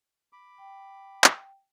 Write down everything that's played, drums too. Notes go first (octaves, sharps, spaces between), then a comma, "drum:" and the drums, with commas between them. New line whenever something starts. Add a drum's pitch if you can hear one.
B5 D6
G5
drum: clap